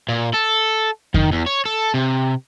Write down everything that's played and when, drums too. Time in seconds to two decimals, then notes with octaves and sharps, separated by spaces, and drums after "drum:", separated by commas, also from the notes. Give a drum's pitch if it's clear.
0.09 A#2
0.34 A4
1.14 D#3, drum: kick F2
1.32 E2
1.46 C#5
1.65 A4
1.94 C3